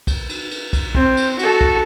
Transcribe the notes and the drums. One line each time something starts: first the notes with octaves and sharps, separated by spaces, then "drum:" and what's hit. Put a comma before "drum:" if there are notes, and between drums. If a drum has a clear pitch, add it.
drum: kick, cymbal
drum: cymbal
drum: cymbal
drum: kick, cymbal
C4, drum: kick
drum: cymbal
F#4 A4, drum: cymbal
drum: kick